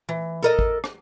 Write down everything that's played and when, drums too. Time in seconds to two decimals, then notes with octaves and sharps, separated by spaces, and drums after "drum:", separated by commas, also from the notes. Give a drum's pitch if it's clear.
0.09 E3
0.43 A4 A#4 D#5
0.59 drum: kick G#1
0.84 drum: rim click